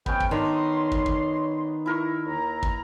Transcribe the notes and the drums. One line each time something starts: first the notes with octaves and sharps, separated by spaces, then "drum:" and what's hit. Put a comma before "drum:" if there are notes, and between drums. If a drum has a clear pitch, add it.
F2 B3 C#4 G5, drum: kick
drum: kick
D#3 D4 C#5 D#5 C6
drum: kick
drum: kick
E4 A#4 C#6
D#2 A#5
drum: kick